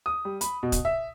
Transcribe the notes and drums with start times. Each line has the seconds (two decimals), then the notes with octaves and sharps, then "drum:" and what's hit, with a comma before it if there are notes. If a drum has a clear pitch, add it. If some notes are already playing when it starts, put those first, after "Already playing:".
0.06 D#6
0.25 G3
0.41 B5, drum: hi-hat
0.63 B2
0.72 drum: kick, hi-hat
0.85 E5